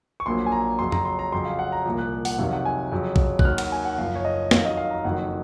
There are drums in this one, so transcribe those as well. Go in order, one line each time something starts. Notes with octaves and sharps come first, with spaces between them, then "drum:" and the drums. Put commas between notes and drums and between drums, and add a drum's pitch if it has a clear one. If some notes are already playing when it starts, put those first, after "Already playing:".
C#6
A#1 A#2 F#3 C6
G#5
A#5
F2 C#3 F#3 C6
A#5, drum: tom F2
C6
A#5
F2 C#3 F#3 C6
F5
F#5
A#5
C2 A#2 F3
F#6
F#5, drum: open hi-hat
F2 C3 D#3 F#3 F5
F#5
G#5
F2 C#3 F#3
drum: kick
F#6, drum: kick
D#2 D#3 F#3 F6
F#5, drum: cymbal
G#5
F#5
F#1 F#2 F3 F5
C#5
D#5
F2 D#3 F#3 F5, drum: snare
D#5
F5
A#5
F#1 F2 D#3 F#3 F#5